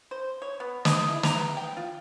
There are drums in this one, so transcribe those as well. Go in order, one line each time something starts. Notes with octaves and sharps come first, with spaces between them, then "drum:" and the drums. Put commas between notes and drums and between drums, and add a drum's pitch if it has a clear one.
C5
C#5
B3
D#5, drum: snare
E4
A#5, drum: snare
B3
G5
F4